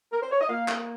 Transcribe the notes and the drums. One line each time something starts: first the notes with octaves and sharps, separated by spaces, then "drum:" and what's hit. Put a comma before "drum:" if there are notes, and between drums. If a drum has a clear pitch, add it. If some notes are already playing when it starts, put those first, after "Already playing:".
A#4
C5
C#5
D#5
A#3 F5
drum: clap